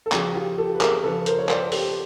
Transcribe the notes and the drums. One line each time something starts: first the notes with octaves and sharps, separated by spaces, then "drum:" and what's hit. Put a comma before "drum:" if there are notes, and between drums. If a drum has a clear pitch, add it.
A4
C#3 F3 F#4 G#4, drum: clap
F4 G4
G4 A4
B4
G#4 A#4, drum: clap
C#3 F3 A4 B4
A#4 C5, drum: hi-hat
C#5
C5 D5, drum: clap
G4 A4, drum: open hi-hat